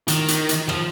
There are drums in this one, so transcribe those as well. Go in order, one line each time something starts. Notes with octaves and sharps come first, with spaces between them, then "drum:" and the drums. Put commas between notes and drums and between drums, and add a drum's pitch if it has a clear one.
D#3, drum: hi-hat
drum: hi-hat
drum: hi-hat
F3, drum: rim click